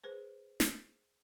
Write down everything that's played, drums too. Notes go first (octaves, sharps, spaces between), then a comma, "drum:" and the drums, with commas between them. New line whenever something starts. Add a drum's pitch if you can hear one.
G#4 B4 C5
drum: snare